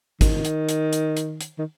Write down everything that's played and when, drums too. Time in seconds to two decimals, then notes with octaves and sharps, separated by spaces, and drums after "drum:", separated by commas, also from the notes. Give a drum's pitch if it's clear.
0.21 D#3, drum: kick, hi-hat
0.45 drum: hi-hat
0.69 drum: hi-hat
0.93 drum: hi-hat
1.17 drum: hi-hat
1.41 drum: hi-hat
1.59 D#3